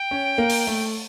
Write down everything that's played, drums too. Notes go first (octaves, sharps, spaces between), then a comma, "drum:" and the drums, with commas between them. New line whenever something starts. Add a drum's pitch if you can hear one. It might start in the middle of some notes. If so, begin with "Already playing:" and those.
Already playing: G5
C#4
A#3
drum: open hi-hat
A3